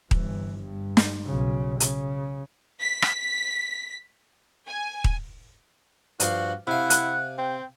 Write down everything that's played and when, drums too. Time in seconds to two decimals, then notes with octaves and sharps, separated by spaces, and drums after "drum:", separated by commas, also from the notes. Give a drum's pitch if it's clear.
0.11 G1 E3, drum: kick D#1
0.61 G2
0.97 drum: snare
1.27 B1 C#3
1.80 C#3, drum: hi-hat
2.81 B6
3.02 drum: rim click
4.66 G#5
5.04 drum: kick D#1
6.20 G2 F3 F#4 F5, drum: hi-hat
6.67 C3 E4 F5 F#5
6.90 F#6, drum: hi-hat
7.38 C4 G5